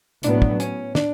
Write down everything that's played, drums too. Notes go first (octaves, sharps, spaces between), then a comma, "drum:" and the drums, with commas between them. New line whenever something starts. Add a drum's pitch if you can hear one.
A2 F#3 B3 D4, drum: hi-hat
drum: kick
C#4, drum: hi-hat
D4, drum: snare